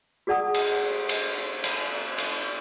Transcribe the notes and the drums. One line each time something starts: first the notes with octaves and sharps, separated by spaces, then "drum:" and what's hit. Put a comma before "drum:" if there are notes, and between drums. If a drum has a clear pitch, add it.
F#4 G#4 D5 F#5 A5 D#6
drum: cymbal
drum: cymbal
drum: cymbal
drum: cymbal